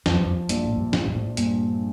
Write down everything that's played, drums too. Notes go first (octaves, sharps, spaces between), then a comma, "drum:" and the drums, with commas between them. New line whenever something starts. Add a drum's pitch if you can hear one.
F2 F3, drum: snare
G2
F2
A#1 G2, drum: hi-hat
A2
G2
A#1 A#2, drum: snare
A2
G2
A2
G2 A#2, drum: hi-hat